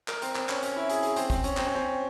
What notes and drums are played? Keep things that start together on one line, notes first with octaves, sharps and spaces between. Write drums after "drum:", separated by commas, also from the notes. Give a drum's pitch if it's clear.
A#4, drum: clap
C4, drum: hi-hat
C4, drum: clap
C#4, drum: clap
C#4, drum: hi-hat
E4
G#4, drum: hi-hat
G#4, drum: hi-hat
C4, drum: hi-hat
C4, drum: kick, hi-hat
C#4, drum: hi-hat
C4, drum: clap
C#4
C4